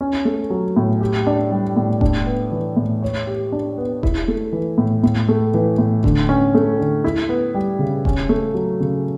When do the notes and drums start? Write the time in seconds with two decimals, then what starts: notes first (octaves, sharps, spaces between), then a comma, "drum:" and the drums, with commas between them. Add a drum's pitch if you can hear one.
0.01 C#4
0.25 A3
0.50 F#3
0.76 A2
1.01 G4
1.27 D4
1.51 G3
1.76 A2
2.01 D4, drum: kick E1
2.26 B3
2.52 E3
2.77 A2
3.02 C#5
3.27 G4
3.52 D4
3.78 B3
4.03 E4, drum: kick E1
4.28 A3
4.53 E3
4.78 A2
5.03 A2
5.28 A3
5.54 E3
5.78 A2
6.04 D3, drum: kick E1
6.29 C#4
6.54 A3
6.79 D3
7.04 E4
7.29 B3
7.54 G3
7.79 C#3
8.05 C#4, drum: kick E1
8.29 A3
8.54 F#3
8.80 C#3